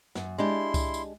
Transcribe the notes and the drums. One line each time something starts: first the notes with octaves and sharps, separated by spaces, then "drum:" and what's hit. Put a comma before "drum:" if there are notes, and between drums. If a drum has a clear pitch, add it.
F#2, drum: snare
G#3 D4 E4 G4 C6
drum: kick C2, tambourine
drum: tambourine